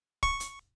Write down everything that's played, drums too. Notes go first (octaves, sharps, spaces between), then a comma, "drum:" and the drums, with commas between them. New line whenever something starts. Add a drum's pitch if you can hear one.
C#6, drum: kick
drum: hi-hat